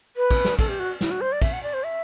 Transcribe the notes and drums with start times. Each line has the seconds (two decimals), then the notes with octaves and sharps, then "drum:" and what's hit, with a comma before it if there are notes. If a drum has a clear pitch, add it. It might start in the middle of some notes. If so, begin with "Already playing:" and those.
0.17 B4
0.31 drum: kick, cymbal
0.45 drum: snare
0.59 A4, drum: kick, cymbal
0.69 G4
0.79 F#4
1.01 E4, drum: snare
1.11 F#4
1.21 C5
1.32 D5
1.42 E5, drum: kick, cymbal
1.53 F#5
1.63 D5
1.74 C5
1.84 E5